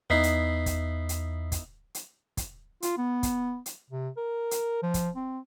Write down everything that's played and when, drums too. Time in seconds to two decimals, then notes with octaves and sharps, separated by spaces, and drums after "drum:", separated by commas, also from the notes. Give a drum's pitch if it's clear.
0.10 E2 B3 D#4 E4 B6 C7
0.23 drum: hi-hat
0.66 drum: kick, hi-hat
1.09 drum: hi-hat
1.52 drum: kick, hi-hat
1.95 drum: hi-hat
2.37 drum: kick, hi-hat
2.82 F4, drum: hi-hat
2.98 B3
3.23 drum: kick, hi-hat
3.66 drum: hi-hat
3.90 C3
4.17 A#4
4.51 drum: hi-hat
4.82 F3
4.94 drum: kick, hi-hat
5.15 C4